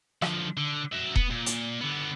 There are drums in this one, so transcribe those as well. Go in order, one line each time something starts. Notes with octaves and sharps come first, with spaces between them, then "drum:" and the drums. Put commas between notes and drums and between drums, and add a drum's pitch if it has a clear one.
D3 F3, drum: rim click
D3
F#4 E5
B3, drum: kick E1
A#2
drum: hi-hat
D3 B3